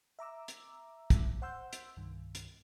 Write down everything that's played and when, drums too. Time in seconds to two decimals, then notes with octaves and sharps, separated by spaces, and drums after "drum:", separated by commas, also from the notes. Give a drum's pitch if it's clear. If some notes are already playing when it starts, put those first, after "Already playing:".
0.19 E5 A#5 D6 E6
0.48 drum: hi-hat
1.10 drum: kick, hi-hat
1.41 C5 F#5 C6 E6 G6
1.73 drum: hi-hat
1.97 C2 G2 D#3
2.35 drum: hi-hat